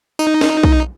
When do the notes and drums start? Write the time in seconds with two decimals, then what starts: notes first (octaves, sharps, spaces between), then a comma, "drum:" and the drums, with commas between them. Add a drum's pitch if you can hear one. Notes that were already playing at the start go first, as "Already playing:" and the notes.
0.19 D#4, drum: tambourine
0.41 drum: snare
0.63 drum: kick